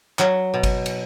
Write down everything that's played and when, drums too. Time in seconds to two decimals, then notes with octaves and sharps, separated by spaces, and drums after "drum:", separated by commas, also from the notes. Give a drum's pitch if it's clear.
0.19 F#3, drum: clap
0.54 B2
0.63 drum: kick G1, cymbal
0.86 drum: cymbal